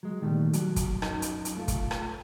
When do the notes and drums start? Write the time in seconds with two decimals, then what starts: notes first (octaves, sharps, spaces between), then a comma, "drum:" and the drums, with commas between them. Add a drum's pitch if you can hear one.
0.03 F#3 G#3
0.22 A#2 D#3 G3 A3
0.53 F#3, drum: hi-hat
0.76 drum: kick, hi-hat
1.02 F#2 D#4, drum: rim click
1.22 drum: hi-hat
1.45 drum: hi-hat
1.57 A3 F4 A4
1.68 drum: kick, hi-hat
1.91 drum: rim click